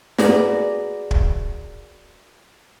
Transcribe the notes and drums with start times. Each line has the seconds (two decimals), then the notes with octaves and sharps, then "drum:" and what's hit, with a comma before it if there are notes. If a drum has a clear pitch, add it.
0.18 F#4 G#4 A#4 B4 D5, drum: snare
1.11 drum: kick